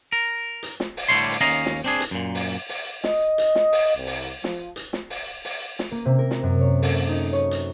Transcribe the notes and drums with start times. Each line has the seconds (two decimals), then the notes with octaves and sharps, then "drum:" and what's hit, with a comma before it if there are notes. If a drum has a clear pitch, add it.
0.12 A#4
0.63 drum: hi-hat
0.80 drum: snare
0.97 drum: open hi-hat
1.08 A2 D3 G3 C#5 C6
1.32 drum: open hi-hat
1.41 D#2 C#4 D#5 F5 A#5
1.66 drum: snare
1.84 C4 D4 G#4
2.00 drum: hi-hat
2.11 F#2 A#2
2.35 drum: open hi-hat
2.69 drum: open hi-hat
3.04 D#5, drum: snare
3.38 drum: hi-hat
3.55 drum: snare
3.73 drum: open hi-hat
3.96 C2
4.07 drum: open hi-hat
4.44 F3, drum: snare
4.76 drum: hi-hat
4.93 drum: snare
5.10 drum: open hi-hat
5.45 drum: open hi-hat
5.79 drum: snare
5.91 A#3
6.05 C3
6.18 A#4
6.31 drum: snare
6.43 F#2
6.61 C#5
6.82 A4, drum: open hi-hat
7.09 D#4
7.33 C#5
7.51 drum: hi-hat